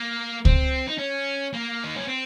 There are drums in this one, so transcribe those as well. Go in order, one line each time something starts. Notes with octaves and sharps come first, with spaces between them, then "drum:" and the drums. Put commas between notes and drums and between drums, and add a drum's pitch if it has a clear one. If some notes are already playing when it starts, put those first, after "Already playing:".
Already playing: A#3
C4, drum: kick C#2
D#4
C#4
A#3
D#4
C#4
C4